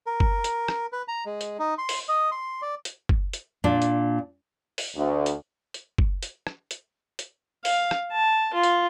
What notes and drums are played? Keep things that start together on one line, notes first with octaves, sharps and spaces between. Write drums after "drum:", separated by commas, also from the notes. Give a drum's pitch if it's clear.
A#4
drum: kick F#1
drum: hi-hat
drum: rim click
B4
A#5
G#3
drum: hi-hat
D#4
C6
drum: open hi-hat
D#5
C6
D5
drum: hi-hat
drum: kick F#1
drum: hi-hat
A#2 D4
drum: hi-hat
drum: open hi-hat
D2
drum: hi-hat
drum: hi-hat
drum: kick F#1
drum: hi-hat
drum: rim click
drum: hi-hat
drum: hi-hat
F5, drum: open hi-hat
drum: rim click
A5
F4
drum: hi-hat